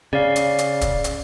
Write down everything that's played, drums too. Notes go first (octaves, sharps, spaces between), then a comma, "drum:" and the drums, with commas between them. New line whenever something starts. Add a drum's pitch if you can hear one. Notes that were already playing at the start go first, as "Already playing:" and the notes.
C#3 D5 F5
drum: hi-hat
drum: hi-hat
drum: kick, hi-hat
drum: hi-hat